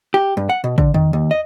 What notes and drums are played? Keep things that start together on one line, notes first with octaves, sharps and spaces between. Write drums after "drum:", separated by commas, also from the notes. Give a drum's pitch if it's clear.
G4
G2
F#5
B2
D3, drum: kick
D#3, drum: tom E2
D#2
D#5